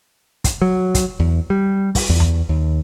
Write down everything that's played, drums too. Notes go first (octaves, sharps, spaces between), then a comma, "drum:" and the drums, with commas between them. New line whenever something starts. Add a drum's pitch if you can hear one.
drum: kick, hi-hat
F#3
drum: kick, hi-hat
E2
G3
drum: kick, open hi-hat
E2
drum: tom E2
D#2